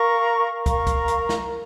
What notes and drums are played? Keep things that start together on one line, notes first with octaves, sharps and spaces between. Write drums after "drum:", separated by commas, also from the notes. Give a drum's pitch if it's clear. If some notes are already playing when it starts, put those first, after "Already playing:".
Already playing: A#4 F5 A#5 C#6
A#4 F5 A#5 C#6, drum: kick, hi-hat
drum: kick, hi-hat
drum: hi-hat
drum: snare